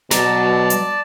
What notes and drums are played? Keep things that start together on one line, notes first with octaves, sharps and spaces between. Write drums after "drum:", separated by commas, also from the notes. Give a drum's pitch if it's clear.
B2 F#3 D5 A5 A#5, drum: snare
drum: hi-hat